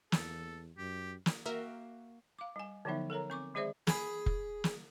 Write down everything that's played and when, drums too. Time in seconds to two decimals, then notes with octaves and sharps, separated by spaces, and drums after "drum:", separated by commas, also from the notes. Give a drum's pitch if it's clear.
0.12 E2 A4, drum: snare
0.77 F#2 G4
1.26 drum: snare
1.46 A#3 F#4 A#4 E5 G5
2.39 F5 D6
2.56 G3 G#5
2.85 D3 F3 F#3 B3 D#4 E5
3.10 A4 A#4 C#5 A#5
3.30 C4 C#6 D6
3.54 D#3 G#3 G#4 C5 D5 E5
3.87 G#4 B5, drum: snare
4.26 drum: kick F1
4.64 drum: snare